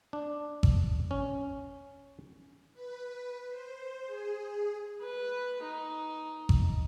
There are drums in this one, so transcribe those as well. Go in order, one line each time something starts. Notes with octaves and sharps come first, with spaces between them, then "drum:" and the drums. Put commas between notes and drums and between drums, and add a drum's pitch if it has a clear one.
D4
drum: kick G#1
C#4
B4
C5
G#4
B4
D#4
drum: kick G#1